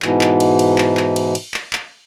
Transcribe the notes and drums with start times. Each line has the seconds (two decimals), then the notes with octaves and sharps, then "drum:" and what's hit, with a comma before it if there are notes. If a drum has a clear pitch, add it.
0.02 G#2 B2 E3, drum: clap
0.21 drum: clap
0.40 drum: cymbal
0.59 drum: cymbal
0.78 drum: clap
0.97 drum: clap
1.16 drum: cymbal
1.35 drum: cymbal
1.54 drum: clap
1.73 drum: clap